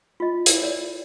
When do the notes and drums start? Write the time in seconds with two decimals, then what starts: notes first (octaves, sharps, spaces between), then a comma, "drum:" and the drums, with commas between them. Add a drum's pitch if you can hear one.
0.20 F4 D#5
0.46 E4, drum: hi-hat
0.62 C#5 D5